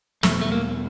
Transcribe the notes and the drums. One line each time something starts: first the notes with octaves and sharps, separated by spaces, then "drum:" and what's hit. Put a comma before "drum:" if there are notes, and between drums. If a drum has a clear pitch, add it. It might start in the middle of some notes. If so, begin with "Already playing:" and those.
E2 B2 G3 A3, drum: snare
A3
A#3